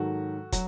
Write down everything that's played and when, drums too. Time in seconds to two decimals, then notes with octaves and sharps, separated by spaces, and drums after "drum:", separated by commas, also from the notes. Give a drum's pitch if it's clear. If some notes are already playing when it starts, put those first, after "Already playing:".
Already playing: G#2 D#3 F#3 F#4 A4
0.52 F#3, drum: kick, hi-hat